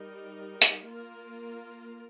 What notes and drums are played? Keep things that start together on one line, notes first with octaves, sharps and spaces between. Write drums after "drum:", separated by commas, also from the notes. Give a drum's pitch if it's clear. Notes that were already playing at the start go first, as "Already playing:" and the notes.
Already playing: G3 D#4 A#4
drum: hi-hat
A#3 F4 A#4